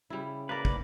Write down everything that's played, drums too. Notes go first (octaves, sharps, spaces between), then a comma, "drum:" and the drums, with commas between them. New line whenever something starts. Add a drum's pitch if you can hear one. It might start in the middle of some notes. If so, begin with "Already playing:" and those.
C#3 G3 E4
A#3 A#4 B4 D5
drum: kick